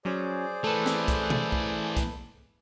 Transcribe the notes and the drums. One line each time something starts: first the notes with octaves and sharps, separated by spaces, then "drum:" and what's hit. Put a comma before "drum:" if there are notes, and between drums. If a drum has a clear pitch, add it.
F#3 C#4 G#4 C5 D5
E3 A3 A4 B4
drum: snare
drum: kick C2, hi-hat
drum: tom B2
drum: kick C2
drum: kick C2, hi-hat